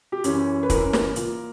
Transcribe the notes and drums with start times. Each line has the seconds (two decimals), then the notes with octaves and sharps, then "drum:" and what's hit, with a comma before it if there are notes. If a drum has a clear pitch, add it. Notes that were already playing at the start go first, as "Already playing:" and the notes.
0.12 G4
0.24 F#2 E3 C#4, drum: hi-hat
0.63 B4
0.70 F#2 E3 A#4, drum: kick, hi-hat
0.93 drum: snare
1.16 A#2, drum: hi-hat